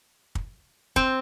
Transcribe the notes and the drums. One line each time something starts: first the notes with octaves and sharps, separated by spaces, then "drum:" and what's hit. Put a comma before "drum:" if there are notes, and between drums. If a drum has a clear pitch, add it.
drum: kick
C4, drum: kick